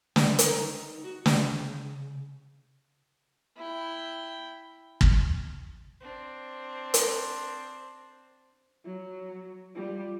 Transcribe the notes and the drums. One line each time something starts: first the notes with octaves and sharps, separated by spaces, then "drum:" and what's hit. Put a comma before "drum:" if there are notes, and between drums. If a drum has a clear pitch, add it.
G3, drum: snare
A#5, drum: hi-hat
D#4
F#4
C#3, drum: snare
E4 G5
drum: kick
C4 D4
drum: hi-hat
F#3
G3 F4